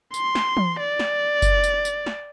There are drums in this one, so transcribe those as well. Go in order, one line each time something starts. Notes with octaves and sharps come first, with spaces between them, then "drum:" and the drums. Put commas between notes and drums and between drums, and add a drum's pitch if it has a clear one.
C6, drum: tambourine
drum: snare
drum: tom
D5
drum: snare
drum: kick F#1, tambourine
drum: tambourine
drum: tambourine
drum: snare